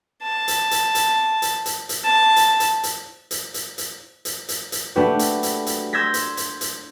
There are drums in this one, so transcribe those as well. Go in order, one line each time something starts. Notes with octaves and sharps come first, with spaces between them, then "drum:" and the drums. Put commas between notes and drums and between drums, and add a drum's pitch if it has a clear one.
A5
drum: hi-hat
drum: hi-hat
drum: hi-hat
drum: hi-hat
drum: hi-hat
drum: hi-hat
A5
drum: hi-hat
drum: hi-hat
drum: hi-hat
drum: hi-hat
drum: hi-hat
drum: hi-hat
drum: hi-hat
drum: hi-hat
drum: hi-hat
A3 D4 F#4 G4 B4
drum: hi-hat
drum: hi-hat
drum: hi-hat
C6 E6 G6 G#6 A#6 B6
drum: hi-hat
drum: hi-hat
drum: hi-hat